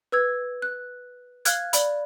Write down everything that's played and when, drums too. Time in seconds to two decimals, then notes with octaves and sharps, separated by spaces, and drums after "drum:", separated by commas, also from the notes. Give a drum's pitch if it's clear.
0.12 B4 E6 G#6
0.62 F#6
1.45 F5 F6 F#6 G#6, drum: hi-hat
1.73 D5 B5, drum: hi-hat